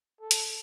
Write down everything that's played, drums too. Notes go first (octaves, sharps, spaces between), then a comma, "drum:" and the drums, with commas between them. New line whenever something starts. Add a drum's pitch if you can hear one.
A4
drum: hi-hat